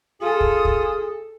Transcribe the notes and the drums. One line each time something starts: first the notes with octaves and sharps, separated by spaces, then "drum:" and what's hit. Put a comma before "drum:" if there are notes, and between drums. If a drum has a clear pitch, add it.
F4 G#4 A4 D#6
drum: kick
drum: kick